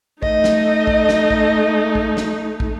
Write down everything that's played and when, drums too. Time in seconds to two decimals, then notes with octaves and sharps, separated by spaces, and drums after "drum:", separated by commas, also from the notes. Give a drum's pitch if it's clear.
0.23 A3 D#4 D#5, drum: kick
0.44 drum: snare
0.87 drum: kick
1.09 drum: snare
1.30 drum: kick
1.95 drum: kick
2.17 drum: snare
2.60 drum: kick